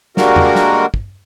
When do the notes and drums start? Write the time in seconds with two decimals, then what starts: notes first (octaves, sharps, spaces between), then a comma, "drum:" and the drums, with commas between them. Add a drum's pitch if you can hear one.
0.17 D3 G3 G#3 A#3 F#4 A#4, drum: snare
0.36 drum: tom E2
0.55 drum: snare
0.94 drum: kick